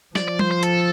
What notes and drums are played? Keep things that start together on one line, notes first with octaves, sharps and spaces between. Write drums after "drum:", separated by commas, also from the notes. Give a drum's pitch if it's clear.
F3 D5, drum: snare
D5
C5, drum: tom G3
C5
A4, drum: hi-hat